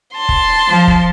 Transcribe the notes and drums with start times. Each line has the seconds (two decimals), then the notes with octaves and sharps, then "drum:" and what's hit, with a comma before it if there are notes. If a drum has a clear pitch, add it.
0.16 A5 C6
0.29 drum: kick
0.68 F3
0.88 drum: kick